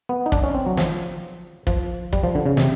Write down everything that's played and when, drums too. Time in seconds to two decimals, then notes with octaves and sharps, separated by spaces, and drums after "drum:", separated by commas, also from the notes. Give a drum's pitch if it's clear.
0.09 B3
0.26 D#4
0.32 D4, drum: kick
0.43 C#4
0.54 C4
0.66 F#3
0.77 F3, drum: snare
1.67 F3, drum: kick
2.13 G3, drum: kick
2.24 F3
2.35 D3
2.46 C#3
2.57 C3, drum: snare